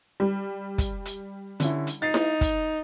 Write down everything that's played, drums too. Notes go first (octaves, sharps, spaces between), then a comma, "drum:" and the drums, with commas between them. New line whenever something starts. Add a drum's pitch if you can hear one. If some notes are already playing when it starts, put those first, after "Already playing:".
G3
drum: kick, hi-hat
drum: hi-hat
D3 C#4 E4, drum: hi-hat
drum: hi-hat
D#4 A6 C7
drum: snare E4
drum: kick, hi-hat